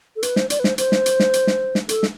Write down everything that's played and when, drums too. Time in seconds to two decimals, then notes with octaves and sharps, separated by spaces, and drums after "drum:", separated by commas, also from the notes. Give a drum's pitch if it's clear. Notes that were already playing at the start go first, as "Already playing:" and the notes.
0.16 A4
0.23 B4, drum: hi-hat
0.36 C5, drum: snare
0.50 D5, drum: hi-hat
0.60 B4
0.64 C5, drum: snare
0.78 C5, drum: hi-hat
0.92 drum: snare
1.06 drum: hi-hat
1.20 drum: snare
1.33 drum: hi-hat
1.47 drum: snare
1.75 drum: snare
1.89 A4, drum: hi-hat
2.03 drum: snare